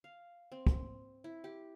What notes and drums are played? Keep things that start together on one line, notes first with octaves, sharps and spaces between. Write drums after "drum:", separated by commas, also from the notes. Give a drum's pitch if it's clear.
F5
C4
drum: kick
E4
G4